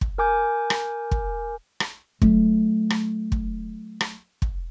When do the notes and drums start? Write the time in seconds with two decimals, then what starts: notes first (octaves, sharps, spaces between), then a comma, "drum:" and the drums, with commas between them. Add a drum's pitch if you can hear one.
0.01 drum: kick
0.18 A#4 G#5 D6 G6
0.70 drum: rim click
1.11 drum: kick
1.80 drum: rim click
2.22 F#3 A3, drum: kick
2.90 drum: rim click
3.32 drum: kick
4.01 drum: rim click
4.42 drum: kick